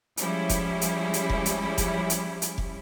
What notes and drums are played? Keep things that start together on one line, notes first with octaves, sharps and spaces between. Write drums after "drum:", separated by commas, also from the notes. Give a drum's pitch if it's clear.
F3 G3 G#3 C#4 E4, drum: hi-hat
drum: kick F1, hi-hat
drum: hi-hat
drum: hi-hat
drum: kick F1
drum: hi-hat
drum: kick F1, hi-hat
drum: hi-hat
drum: hi-hat
drum: kick F1